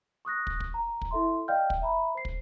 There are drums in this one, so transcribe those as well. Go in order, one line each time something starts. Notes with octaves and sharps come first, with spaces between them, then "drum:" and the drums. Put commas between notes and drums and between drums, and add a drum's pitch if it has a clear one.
C#6 D#6 F#6 A#6
drum: kick
drum: kick
A#5
drum: kick
E4 A4 E5 C6
D5 D#5 F5 G5 F6 G6
drum: kick
E5 A#5 B5
C5 C7
drum: kick